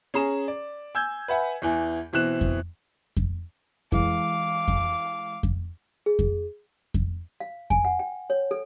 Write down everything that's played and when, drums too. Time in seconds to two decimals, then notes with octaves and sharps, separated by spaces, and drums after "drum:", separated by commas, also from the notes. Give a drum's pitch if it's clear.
0.14 C#4 G#4 A#5 E7
0.48 D5
0.95 G#5 E6 G6 G#6
1.28 B4 E5 F#5 G#5
1.62 E2 E3 G#5
2.13 B2 E3 C4 F#6 E7
2.41 drum: kick F2
3.17 drum: kick F2
3.92 E3 G#3 F5 D6, drum: kick F2
4.68 drum: kick F2
5.43 drum: kick F2
6.06 G#4
6.19 drum: kick F2
6.94 drum: kick F2
7.40 F5
7.70 G#5, drum: kick F2
7.85 F#5
7.99 G5
8.30 C#5
8.51 A4